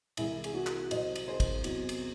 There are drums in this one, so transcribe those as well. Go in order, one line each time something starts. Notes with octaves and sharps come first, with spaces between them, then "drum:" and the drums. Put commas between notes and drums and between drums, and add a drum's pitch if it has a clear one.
C2 C3 E3 G#3 E4 G#4, drum: cymbal
G#4, drum: cymbal
F#4
drum: clap
C2 C3 F#3 C5 D#5, drum: cymbal
drum: cymbal
G#4 C5
drum: kick, cymbal
E2 C3 F#3, drum: cymbal
drum: cymbal